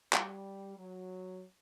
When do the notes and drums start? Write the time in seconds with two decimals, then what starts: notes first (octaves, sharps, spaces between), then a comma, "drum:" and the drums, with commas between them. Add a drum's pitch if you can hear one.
0.13 G3, drum: clap
0.77 F#3